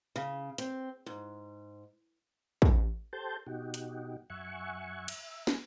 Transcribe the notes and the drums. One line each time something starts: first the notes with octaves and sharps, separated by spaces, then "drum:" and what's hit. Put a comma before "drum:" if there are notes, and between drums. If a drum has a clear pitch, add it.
C#3
C4, drum: hi-hat
G#2
drum: kick
G4 A4 C5 A5 G6
B2 D#4 F#4 G4
drum: hi-hat
F#2 E5 F#5 G#5 C#6
E5, drum: cymbal
G#5, drum: snare